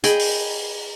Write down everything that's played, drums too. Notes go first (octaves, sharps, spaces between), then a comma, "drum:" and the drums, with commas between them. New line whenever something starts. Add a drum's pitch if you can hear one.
G#4 D#5 G5 B5, drum: hi-hat
drum: open hi-hat